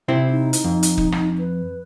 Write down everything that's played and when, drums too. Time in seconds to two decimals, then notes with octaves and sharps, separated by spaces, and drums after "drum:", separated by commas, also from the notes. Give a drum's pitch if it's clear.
0.08 C3 C4 E4
0.30 D#4
0.53 drum: hi-hat
0.64 F2
0.83 drum: hi-hat
0.97 drum: kick
1.12 drum: rim click
1.39 B4